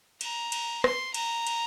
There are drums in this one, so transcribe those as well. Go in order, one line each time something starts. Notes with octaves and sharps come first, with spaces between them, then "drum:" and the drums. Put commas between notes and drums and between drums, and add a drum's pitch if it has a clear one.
A#5, drum: cymbal
drum: cymbal
C6, drum: rim click
A#5, drum: cymbal
drum: cymbal